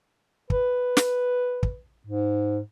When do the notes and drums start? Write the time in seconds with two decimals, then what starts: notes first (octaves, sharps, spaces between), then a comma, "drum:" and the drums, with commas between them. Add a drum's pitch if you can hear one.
0.50 B4, drum: kick
0.97 drum: snare
1.63 drum: kick
2.07 G#2